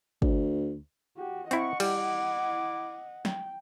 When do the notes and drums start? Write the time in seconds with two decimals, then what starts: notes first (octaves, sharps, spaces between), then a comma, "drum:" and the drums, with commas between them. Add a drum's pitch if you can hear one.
0.22 D2, drum: kick
1.17 F#4 G4
1.51 C4 E4 D#5 F#5 C#6, drum: hi-hat
1.80 G3 E4 D6, drum: cymbal
3.25 G5, drum: snare